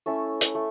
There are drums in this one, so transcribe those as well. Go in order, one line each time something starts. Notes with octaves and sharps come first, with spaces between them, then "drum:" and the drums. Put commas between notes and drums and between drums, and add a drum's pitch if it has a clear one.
A3 C#4 E4 A4
drum: hi-hat
A3